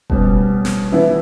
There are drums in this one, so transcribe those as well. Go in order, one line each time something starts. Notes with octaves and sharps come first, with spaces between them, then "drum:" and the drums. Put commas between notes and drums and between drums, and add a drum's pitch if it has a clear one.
B2 G3 C#4, drum: kick E1
drum: snare
E3 B3 E4